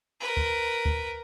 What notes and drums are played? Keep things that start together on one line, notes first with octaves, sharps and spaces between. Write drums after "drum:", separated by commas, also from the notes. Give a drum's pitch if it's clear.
A#4 B4
drum: kick D2
drum: kick D2